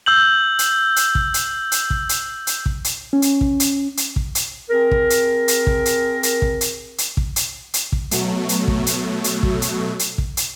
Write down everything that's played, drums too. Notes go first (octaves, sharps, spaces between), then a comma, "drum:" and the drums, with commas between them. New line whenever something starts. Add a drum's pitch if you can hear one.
E6 G6 F#7
drum: hi-hat
drum: hi-hat
drum: kick
drum: hi-hat
drum: hi-hat
drum: kick
drum: hi-hat
drum: hi-hat
drum: kick
drum: hi-hat
C#4
drum: hi-hat
drum: kick
drum: hi-hat
drum: hi-hat
drum: kick
drum: hi-hat
C4 G#4 A#4
drum: kick
drum: hi-hat
drum: hi-hat
drum: kick
drum: hi-hat
drum: hi-hat
drum: kick
drum: hi-hat
drum: hi-hat
drum: kick
drum: hi-hat
drum: hi-hat
drum: kick
B2 F#3 A3, drum: hi-hat
drum: hi-hat
drum: kick
drum: hi-hat
drum: hi-hat
drum: kick
drum: hi-hat
drum: hi-hat
drum: kick
drum: hi-hat